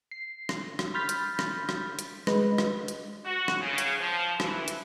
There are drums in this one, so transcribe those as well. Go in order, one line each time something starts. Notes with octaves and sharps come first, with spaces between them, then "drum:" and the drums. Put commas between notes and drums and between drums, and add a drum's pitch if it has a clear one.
C7
drum: rim click
drum: rim click
B5 C6 F6 G6 A6 B6
drum: hi-hat
drum: rim click
drum: rim click
drum: hi-hat
G#3 B4 D#5, drum: rim click
drum: rim click
drum: hi-hat
F#4
drum: rim click
C#3
drum: hi-hat
F3
E3, drum: rim click
drum: hi-hat